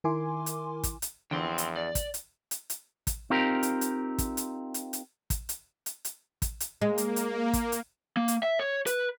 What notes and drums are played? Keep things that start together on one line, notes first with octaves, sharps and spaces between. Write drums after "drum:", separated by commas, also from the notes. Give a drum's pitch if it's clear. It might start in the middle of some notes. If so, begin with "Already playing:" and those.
D#3 E4 A#4 G#5 C6 D6
drum: hi-hat
drum: kick, hi-hat
drum: hi-hat
E2 D3 E3 F3 G5 C6
drum: hi-hat
D5
drum: kick, hi-hat
drum: hi-hat
drum: hi-hat
drum: hi-hat
drum: kick, hi-hat
C4 D#4 F4 G4 A#4
drum: hi-hat
drum: hi-hat
drum: kick, hi-hat
drum: hi-hat
drum: hi-hat
drum: hi-hat
drum: kick, hi-hat
drum: hi-hat
drum: hi-hat
drum: hi-hat
drum: kick, hi-hat
drum: hi-hat
G#3 A#3
drum: hi-hat
drum: hi-hat
drum: kick, hi-hat
drum: hi-hat
A#3
drum: hi-hat
E5
C#5
B4, drum: hi-hat